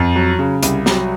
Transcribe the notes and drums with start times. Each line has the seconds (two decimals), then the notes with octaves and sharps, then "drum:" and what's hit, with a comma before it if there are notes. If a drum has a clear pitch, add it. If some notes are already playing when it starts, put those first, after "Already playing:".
Already playing: F2
0.16 F#3
0.39 C#3
0.63 C2, drum: hi-hat
0.86 F#3, drum: snare